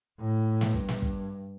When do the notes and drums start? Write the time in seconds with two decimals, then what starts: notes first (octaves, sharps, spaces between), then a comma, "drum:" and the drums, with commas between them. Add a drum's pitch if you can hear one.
0.20 A2
0.61 drum: snare
0.74 G2, drum: kick
0.89 drum: snare
1.02 drum: kick